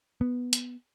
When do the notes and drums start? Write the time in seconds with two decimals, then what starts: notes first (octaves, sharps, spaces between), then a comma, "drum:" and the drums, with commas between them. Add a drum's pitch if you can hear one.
0.21 B3
0.53 drum: hi-hat